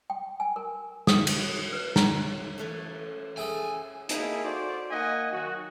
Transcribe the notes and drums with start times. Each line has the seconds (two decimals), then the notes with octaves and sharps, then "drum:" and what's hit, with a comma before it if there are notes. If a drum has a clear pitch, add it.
0.10 G5
0.40 G#5
0.56 A#4
1.07 D#6, drum: snare
1.27 drum: cymbal
1.73 B4
1.96 A#5, drum: snare
2.58 E3 A3 C#4
3.37 E4 G#4 A4 G5 G#5
4.09 A#3 D#4 E4 G#4 A4, drum: hi-hat
4.43 F#4 A4 C5 D5
4.91 A#3 D#4 D#5 F#5 G#5
5.32 D#3 F#3 F#4